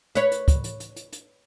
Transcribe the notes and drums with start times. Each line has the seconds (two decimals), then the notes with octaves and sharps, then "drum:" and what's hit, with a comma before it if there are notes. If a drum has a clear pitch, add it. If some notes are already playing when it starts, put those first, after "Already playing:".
0.15 B4 C#5, drum: hi-hat
0.32 drum: hi-hat
0.48 drum: kick, hi-hat
0.64 drum: hi-hat
0.80 drum: hi-hat
0.96 drum: hi-hat
1.12 drum: hi-hat